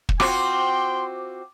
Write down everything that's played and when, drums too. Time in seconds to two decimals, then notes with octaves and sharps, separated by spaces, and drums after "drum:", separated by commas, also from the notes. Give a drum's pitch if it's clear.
0.09 drum: kick
0.20 C4 F4 F#4 G5 C6 D6, drum: rim click